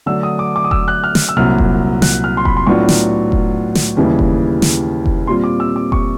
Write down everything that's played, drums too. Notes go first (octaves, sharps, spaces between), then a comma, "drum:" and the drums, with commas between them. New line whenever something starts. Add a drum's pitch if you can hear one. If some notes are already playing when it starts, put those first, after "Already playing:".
D3 F#3 A3 D4 E6
D#6
D6
D6
D#6
E6, drum: kick F1
F#6
F6
drum: snare
E6
C2 A#2 F#3 F6
drum: kick F1
F#6, drum: snare
F6
C6
B5, drum: kick F1
C6
A2 F#3 B3 D4 F4 C#6
drum: snare
drum: kick F1
drum: snare
D#2 C#3 E3 G3
drum: kick F1
drum: snare
drum: kick F1
A#2 G3 C4 F4 C6
D6
E6
D6
C#6, drum: kick F1